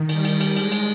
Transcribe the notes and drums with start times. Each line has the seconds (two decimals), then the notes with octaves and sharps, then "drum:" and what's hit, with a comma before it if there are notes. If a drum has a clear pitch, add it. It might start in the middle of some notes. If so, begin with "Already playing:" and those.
Already playing: D#3
0.09 G3, drum: cymbal
0.25 drum: cymbal
0.40 drum: cymbal
0.56 G#3, drum: cymbal
0.72 drum: cymbal